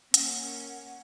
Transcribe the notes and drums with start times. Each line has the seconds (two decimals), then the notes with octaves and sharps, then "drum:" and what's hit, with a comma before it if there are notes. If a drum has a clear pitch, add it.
0.14 A#3 C#4 F#5, drum: hi-hat